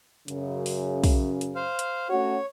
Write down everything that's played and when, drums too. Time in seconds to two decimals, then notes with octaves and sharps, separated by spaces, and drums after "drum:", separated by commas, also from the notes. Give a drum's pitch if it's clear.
0.28 F#2 C#3, drum: hi-hat
0.66 drum: open hi-hat
1.04 drum: kick, open hi-hat
1.41 drum: hi-hat
1.55 C5 F5
1.79 drum: hi-hat
2.09 A3 C#4 F#4 C#5